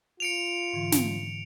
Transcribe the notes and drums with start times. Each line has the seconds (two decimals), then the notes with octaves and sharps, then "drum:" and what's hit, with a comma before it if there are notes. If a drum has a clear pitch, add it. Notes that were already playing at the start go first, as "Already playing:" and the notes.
0.20 F4 C#7 D7 F7
0.73 G#2 D3 E3
0.92 drum: snare